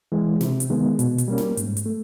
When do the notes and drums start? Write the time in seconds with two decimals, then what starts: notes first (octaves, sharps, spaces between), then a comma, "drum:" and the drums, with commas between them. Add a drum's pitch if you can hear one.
0.12 E3 G#3
0.41 C3, drum: snare
0.60 drum: hi-hat
0.70 D#3 G#3 B3
0.99 B2, drum: hi-hat
1.18 drum: hi-hat
1.28 G3 A#3 C#4
1.38 drum: snare
1.57 G#2, drum: hi-hat
1.77 drum: hi-hat
1.86 A3